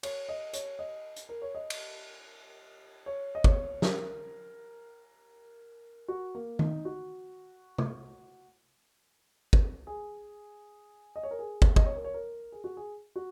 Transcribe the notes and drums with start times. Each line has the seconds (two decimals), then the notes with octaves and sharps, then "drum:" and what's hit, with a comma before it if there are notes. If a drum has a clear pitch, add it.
0.03 C#5, drum: cymbal
0.29 D#5
0.53 C#5, drum: hi-hat
0.79 D#5
1.16 drum: hi-hat
1.29 A#4
1.42 C#5
1.55 D#5
1.70 drum: cymbal
3.06 C#5
3.35 D#5
3.44 C#5, drum: kick
3.82 A#4, drum: snare
6.08 F#4
6.35 A#3
6.59 D#4, drum: tom D#3
6.85 F#4
7.78 drum: tom
9.53 drum: kick
9.87 G#4
11.16 D#5
11.23 C#5
11.31 A#4
11.39 G#4
11.62 drum: kick
11.76 D#5, drum: kick
11.85 C#5
11.96 A#4
12.04 C#5
12.14 A#4
12.52 G#4
12.64 F#4
12.77 G#4
13.16 F#4